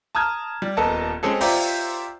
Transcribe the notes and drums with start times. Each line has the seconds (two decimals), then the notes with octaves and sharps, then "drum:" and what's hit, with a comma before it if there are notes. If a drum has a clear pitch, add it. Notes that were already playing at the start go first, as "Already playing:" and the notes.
0.15 A5 A#5 D#6 F6 G#6
0.62 G3
0.77 D#1 B3 A4 A#4 D#5 A5
1.23 G#3 C4 C#4 G#4 A4
1.41 F4 G4 C5 D5 E5 A#5, drum: open hi-hat